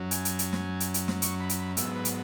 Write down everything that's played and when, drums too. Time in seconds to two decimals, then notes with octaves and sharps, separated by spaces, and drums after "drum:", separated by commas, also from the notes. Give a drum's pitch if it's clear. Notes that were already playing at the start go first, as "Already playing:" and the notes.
Already playing: F#2 F#3 C#4
0.11 G#5, drum: hi-hat
0.25 drum: hi-hat
0.39 drum: hi-hat
0.53 drum: snare
0.80 drum: hi-hat
0.94 drum: hi-hat
1.08 drum: snare
1.22 C#6, drum: hi-hat
1.40 B5
1.49 drum: hi-hat
1.59 B5
1.77 G#2 F#3 B3 E5, drum: hi-hat
1.96 B4
2.05 drum: hi-hat